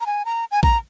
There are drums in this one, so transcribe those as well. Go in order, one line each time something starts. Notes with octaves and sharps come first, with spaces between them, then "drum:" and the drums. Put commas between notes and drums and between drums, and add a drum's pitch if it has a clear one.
A#5
G#5
A#5
G#5
A#5, drum: kick A#1